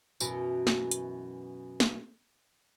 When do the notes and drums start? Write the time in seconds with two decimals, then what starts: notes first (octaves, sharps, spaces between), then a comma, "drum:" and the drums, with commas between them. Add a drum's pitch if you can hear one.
0.20 F#2 B2 E3, drum: tambourine
0.67 drum: snare
0.91 drum: hi-hat
1.80 drum: snare